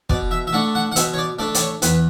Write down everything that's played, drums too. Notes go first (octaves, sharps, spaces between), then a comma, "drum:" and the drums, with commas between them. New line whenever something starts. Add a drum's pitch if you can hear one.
B2 D5, drum: kick
E5
E5
A3 D4 F#5
F#5
F#5
B2 E5, drum: hi-hat
C#5
D5
A3 D4 D5
D5, drum: hi-hat
C#5
E2 B4, drum: hi-hat